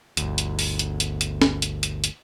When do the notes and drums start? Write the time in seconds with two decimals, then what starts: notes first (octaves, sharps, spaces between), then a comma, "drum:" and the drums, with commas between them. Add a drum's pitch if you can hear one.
0.17 G1 D2, drum: hi-hat
0.38 drum: hi-hat
0.59 drum: open hi-hat
0.79 drum: hi-hat
1.00 drum: hi-hat
1.21 drum: hi-hat
1.42 drum: snare
1.62 drum: hi-hat
1.83 drum: hi-hat
2.04 drum: hi-hat